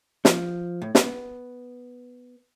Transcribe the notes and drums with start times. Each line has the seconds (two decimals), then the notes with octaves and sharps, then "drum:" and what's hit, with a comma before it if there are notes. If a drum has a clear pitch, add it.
0.25 F3, drum: snare
0.82 A2
0.95 B3, drum: snare